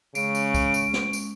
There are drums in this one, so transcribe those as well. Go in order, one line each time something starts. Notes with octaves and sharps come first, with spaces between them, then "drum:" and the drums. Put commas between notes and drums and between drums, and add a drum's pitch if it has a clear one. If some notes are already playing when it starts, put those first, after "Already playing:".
C#3 G#3 C#4 C#6 D7, drum: tambourine
drum: tambourine
drum: kick C2, tambourine
drum: tambourine
drum: snare
drum: tambourine